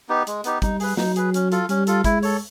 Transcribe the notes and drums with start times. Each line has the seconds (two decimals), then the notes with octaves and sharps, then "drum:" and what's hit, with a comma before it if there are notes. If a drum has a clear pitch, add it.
0.09 B3 D#4 G4
0.27 G#3, drum: hi-hat
0.44 B3 D#4 G4, drum: hi-hat
0.62 G3 D#4, drum: kick, hi-hat
0.80 G#4 B4, drum: open hi-hat
0.97 F#3 D#4, drum: snare
1.16 G#4 B4, drum: hi-hat
1.34 C#4, drum: hi-hat
1.52 F4 A4, drum: hi-hat
1.69 G3 C#4, drum: hi-hat
1.87 F4 A4, drum: hi-hat
2.04 G#3 E4, drum: kick, hi-hat
2.23 A4 C#5, drum: open hi-hat